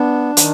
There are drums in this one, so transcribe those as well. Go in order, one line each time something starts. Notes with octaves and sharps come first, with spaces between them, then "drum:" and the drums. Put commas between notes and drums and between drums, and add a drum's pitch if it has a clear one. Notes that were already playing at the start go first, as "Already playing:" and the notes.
Already playing: B3 D4
D#3, drum: hi-hat